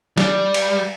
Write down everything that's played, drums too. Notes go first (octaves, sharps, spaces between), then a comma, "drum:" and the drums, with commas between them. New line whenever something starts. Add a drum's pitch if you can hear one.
G3 D5, drum: snare
drum: cymbal